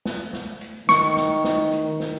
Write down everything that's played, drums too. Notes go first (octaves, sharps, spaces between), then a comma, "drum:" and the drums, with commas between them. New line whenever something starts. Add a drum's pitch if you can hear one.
drum: snare
drum: snare
drum: hi-hat
D#3 C#6, drum: snare
drum: snare
drum: snare
drum: hi-hat
drum: snare